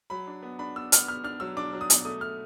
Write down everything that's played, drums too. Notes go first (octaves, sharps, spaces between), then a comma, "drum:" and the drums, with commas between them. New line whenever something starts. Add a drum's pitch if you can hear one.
F#3 B5
D4
B3
D4 B5
B3 E6
B3 F6, drum: hi-hat
B3 F6
D4 F6
F#3 E6
D4 D6
F#3
D#6
B2, drum: hi-hat
A3 D#6
A3 F6